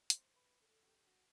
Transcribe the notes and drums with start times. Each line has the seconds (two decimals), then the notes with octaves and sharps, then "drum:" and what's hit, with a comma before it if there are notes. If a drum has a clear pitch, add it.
0.10 C5, drum: hi-hat
0.36 B4
0.62 A4
0.83 F#4
0.88 G4
1.07 F#4